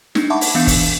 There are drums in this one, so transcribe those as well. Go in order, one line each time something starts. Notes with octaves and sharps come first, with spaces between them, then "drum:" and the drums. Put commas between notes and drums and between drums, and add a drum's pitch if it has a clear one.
D4 D#4, drum: snare
E5 F#5 A5 B5 C#6 D6
drum: open hi-hat
E3 B3 D4 F5 G6 C#7
drum: kick F#1, open hi-hat